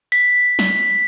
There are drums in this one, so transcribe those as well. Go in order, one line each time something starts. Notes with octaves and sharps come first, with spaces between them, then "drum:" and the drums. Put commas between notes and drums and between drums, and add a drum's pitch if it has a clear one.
B6, drum: hi-hat
drum: snare